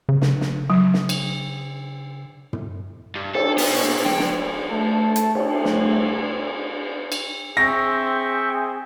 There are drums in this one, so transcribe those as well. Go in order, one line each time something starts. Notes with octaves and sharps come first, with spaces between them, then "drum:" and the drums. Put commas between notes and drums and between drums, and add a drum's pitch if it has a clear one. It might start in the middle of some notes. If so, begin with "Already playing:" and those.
C#3
drum: snare
drum: snare
F#3
drum: snare
drum: cymbal
drum: tom
G2
A4, drum: cymbal
B3, drum: open hi-hat
B2
A#2
G5, drum: snare
drum: snare
A3 A5
drum: hi-hat
drum: cymbal
C2, drum: snare
drum: cymbal
C4 G#4 E5 G5 C#6 A#6